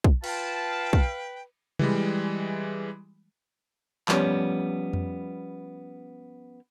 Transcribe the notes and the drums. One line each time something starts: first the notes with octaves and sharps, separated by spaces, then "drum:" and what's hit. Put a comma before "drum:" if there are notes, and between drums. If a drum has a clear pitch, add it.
drum: kick
F4 B4 F5 G5 A5, drum: cymbal
drum: kick
E3 G3 G#3, drum: tom C3
F3 G3 B3 C#4, drum: clap
drum: tom F2